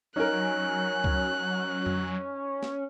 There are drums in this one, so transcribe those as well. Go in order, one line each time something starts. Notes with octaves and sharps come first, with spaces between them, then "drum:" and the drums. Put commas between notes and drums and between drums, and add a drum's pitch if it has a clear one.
F#3 C#4 D#4 A#4 F#6
drum: kick C#2
drum: tom F2
drum: snare